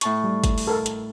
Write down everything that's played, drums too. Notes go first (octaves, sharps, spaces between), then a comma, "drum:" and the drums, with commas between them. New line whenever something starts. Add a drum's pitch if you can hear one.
A2 A5 C#6, drum: hi-hat
G3
drum: kick, hi-hat
drum: open hi-hat
A4 A#4
drum: hi-hat